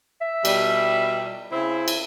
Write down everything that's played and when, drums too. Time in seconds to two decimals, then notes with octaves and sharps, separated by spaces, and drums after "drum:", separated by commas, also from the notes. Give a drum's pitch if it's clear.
0.21 E5
0.45 B2 G3, drum: cymbal
1.52 C#3 C4 E4
1.88 drum: cymbal